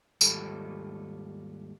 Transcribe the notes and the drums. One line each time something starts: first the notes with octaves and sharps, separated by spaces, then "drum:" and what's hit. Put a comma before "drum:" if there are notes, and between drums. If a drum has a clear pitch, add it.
D#2 G#2 G3 F4 A4 B5, drum: tambourine